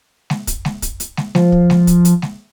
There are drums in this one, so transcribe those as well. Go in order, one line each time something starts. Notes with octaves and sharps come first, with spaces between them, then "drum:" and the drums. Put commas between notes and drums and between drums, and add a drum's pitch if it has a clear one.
drum: snare
drum: kick, hi-hat
drum: snare
drum: kick, hi-hat
drum: hi-hat
drum: snare
F3, drum: snare
drum: kick
drum: snare
drum: kick, hi-hat
drum: hi-hat
drum: snare